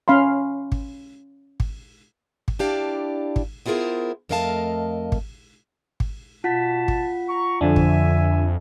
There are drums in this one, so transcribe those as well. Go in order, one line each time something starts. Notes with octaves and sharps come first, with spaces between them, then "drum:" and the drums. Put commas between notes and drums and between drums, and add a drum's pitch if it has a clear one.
C#4 F5 B5 C6
drum: kick G#1
drum: kick G#1
drum: kick G#1
D4 E4 G4 D5 F5 A5
drum: kick G#1
B3 E4 F4 G#4 A#4 C5
F2 A3 A#4 D#5 F5 A5
drum: kick G#1
drum: kick G#1
B2 F4 F#5 A5 B6
drum: kick G#1
A#5 C#6
F2 D3 F3 D4 E5 G#5
drum: kick G#1